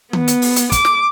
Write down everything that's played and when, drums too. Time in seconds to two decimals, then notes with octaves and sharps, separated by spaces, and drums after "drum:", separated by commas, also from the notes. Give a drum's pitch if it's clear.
0.13 B3, drum: tom D#3
0.28 drum: hi-hat
0.42 drum: open hi-hat
0.56 drum: hi-hat
0.72 D6, drum: kick, hi-hat
0.85 drum: snare